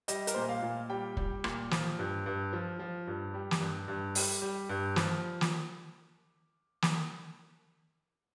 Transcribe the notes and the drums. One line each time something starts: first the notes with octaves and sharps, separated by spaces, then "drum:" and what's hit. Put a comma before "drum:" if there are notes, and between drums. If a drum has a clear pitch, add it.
G3 D#5, drum: hi-hat
A#4, drum: hi-hat
A#2 C5
D#5
F5
A#2
G3 G5
G3, drum: kick
A#2, drum: rim click
F3, drum: snare
G2
G2
F3
F3
G2
G3
drum: snare
G2
G2
G3, drum: open hi-hat
G3
G2
F3, drum: snare
drum: snare
drum: snare